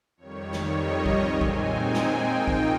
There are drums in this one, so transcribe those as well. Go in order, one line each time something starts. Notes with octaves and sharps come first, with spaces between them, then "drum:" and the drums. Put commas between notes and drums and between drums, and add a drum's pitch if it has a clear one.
F2 D#3 G3 C#5
drum: snare
D#5
drum: kick
A#2 G#3 C4 D#4 G#5
drum: kick
G5
drum: snare
G#2 F3 A#3 D#4
drum: kick